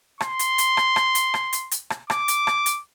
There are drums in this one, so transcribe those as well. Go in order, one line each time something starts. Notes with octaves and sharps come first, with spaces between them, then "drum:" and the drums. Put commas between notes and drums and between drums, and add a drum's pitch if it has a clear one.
C6, drum: rim click
drum: hi-hat
drum: hi-hat
drum: rim click
drum: rim click
drum: hi-hat
drum: rim click
drum: hi-hat
drum: hi-hat
drum: rim click
D6, drum: rim click
drum: hi-hat
drum: rim click
drum: hi-hat